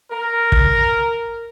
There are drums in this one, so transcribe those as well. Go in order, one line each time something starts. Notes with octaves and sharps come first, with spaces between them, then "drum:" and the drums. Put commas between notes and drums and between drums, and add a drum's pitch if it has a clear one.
A#4
drum: kick